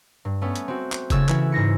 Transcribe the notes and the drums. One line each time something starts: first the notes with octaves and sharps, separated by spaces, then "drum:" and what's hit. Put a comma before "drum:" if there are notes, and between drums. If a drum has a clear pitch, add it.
G2
A3 B3 C#4
drum: hi-hat
C4 F#4
drum: clap
C#3 A4 C#6 E6 G#6, drum: kick, hi-hat
E3 C#4 E4 F#4, drum: clap
G#2 E4 A#6 C#7